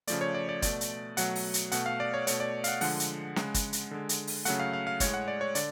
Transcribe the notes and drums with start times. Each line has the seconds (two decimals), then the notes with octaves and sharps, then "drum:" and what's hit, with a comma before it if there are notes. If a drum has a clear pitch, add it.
0.07 C#3 F3 A3 D5, drum: hi-hat
0.21 C#5
0.35 D5
0.49 D5
0.62 B2 A3 D5, drum: kick, hi-hat
0.81 drum: hi-hat
1.17 B2 F#3 A3 F#5, drum: hi-hat
1.35 drum: open hi-hat
1.54 drum: hi-hat
1.72 B2 A3 F#5, drum: hi-hat
1.86 F5
2.00 D5
2.14 C#5
2.27 B2 A3 C#5, drum: hi-hat
2.40 D5
2.64 F5, drum: hi-hat
2.68 F#5
2.81 D3 F3 G#3 F#5, drum: open hi-hat
3.00 drum: hi-hat
3.36 C#3 G#3, drum: snare
3.54 drum: kick, hi-hat
3.73 drum: hi-hat
3.91 D3 G#3
4.09 drum: hi-hat
4.27 drum: open hi-hat
4.45 C#3 F#3 A3 F#5, drum: hi-hat
4.60 F5
4.73 F5
4.87 F5
5.00 A2 G#3 C#5, drum: kick, hi-hat
5.14 F#5
5.28 D5
5.41 C#5
5.55 D3 D5, drum: hi-hat